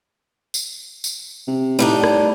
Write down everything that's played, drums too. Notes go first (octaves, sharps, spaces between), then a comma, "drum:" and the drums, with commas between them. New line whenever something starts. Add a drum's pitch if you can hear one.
drum: tambourine
drum: tambourine
C3
A2 G3 D4 D#4
drum: rim click